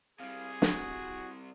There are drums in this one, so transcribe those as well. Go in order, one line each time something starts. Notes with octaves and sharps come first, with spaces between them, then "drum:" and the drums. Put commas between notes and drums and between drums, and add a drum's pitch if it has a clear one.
C3 G3 G#4 F5
F#4, drum: snare